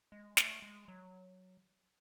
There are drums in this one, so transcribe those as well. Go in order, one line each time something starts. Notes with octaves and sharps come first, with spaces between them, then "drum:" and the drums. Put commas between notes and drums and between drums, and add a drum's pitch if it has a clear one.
G#3
A3, drum: snare
G#3
F#3